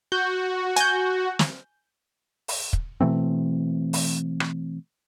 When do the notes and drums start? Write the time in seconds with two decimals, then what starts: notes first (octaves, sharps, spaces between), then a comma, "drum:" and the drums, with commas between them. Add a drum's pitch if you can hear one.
0.12 F#4 G6
0.76 G#5 G6, drum: hi-hat
1.39 drum: snare
2.48 drum: open hi-hat
2.73 drum: kick
3.01 B2 E3 A3 C4
3.93 drum: open hi-hat
4.40 drum: rim click